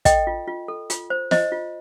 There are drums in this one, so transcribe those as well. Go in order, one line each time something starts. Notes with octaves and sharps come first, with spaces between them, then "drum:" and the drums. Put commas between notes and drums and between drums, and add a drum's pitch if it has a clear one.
A4 D#5 G5, drum: kick, hi-hat
F4
F4
A4
F4, drum: hi-hat
C5
C5 D#5, drum: snare
F4